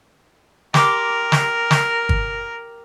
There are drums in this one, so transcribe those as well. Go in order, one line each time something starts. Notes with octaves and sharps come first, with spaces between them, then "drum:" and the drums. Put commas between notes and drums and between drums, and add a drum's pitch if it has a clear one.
G4 A#4 C6 D6, drum: snare
drum: snare
drum: snare
drum: kick